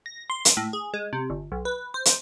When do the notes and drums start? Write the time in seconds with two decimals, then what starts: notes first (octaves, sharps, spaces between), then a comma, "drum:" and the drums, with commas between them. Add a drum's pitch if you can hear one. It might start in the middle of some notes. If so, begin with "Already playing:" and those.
0.06 A#6
0.30 C6
0.45 drum: hi-hat
0.57 A2
0.73 G#4
0.94 G#3
1.13 C3
1.30 G1
1.52 B1
1.65 B4
1.94 C5
2.05 drum: hi-hat